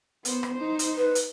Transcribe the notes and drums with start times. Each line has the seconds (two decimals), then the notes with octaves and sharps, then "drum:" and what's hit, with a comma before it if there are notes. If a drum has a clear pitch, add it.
0.25 B3 C5, drum: hi-hat
0.43 drum: rim click
0.54 D#4 C5
0.79 drum: hi-hat
0.97 B4
1.15 drum: hi-hat